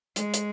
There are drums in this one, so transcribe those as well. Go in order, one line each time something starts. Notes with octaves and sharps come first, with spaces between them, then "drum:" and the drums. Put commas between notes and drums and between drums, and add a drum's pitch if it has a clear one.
G#3, drum: hi-hat
drum: hi-hat